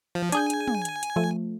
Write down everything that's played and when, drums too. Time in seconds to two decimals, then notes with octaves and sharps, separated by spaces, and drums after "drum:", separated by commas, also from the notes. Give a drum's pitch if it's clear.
0.15 F3
0.32 D4 G#4 G#5 G6, drum: hi-hat
0.50 drum: hi-hat
0.68 drum: tom
0.85 drum: hi-hat
1.03 drum: hi-hat
1.16 F3 A3